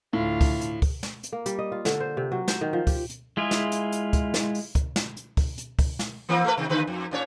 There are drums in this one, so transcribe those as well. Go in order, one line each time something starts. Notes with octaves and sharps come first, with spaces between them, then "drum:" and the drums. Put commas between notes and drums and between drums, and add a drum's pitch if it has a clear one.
D2 A2 F4
drum: kick, open hi-hat
drum: hi-hat
drum: kick, open hi-hat
drum: snare
drum: hi-hat
A#3
G3, drum: hi-hat
D#5
F4
D3, drum: snare
C5
C3
F#3
C5, drum: snare
D#3
F3
G4, drum: kick, open hi-hat
drum: hi-hat
G#3 E4 F4 G#4
drum: snare
drum: hi-hat
drum: hi-hat
drum: kick, hi-hat
drum: snare
drum: open hi-hat
drum: kick, hi-hat
drum: snare
drum: hi-hat
drum: kick, open hi-hat
drum: hi-hat
drum: kick, open hi-hat
drum: snare
E3 A#3 C4
A3 A#4 B4
C3 D#3
D#2 D3 B4
F2
A#2 C#4 C#5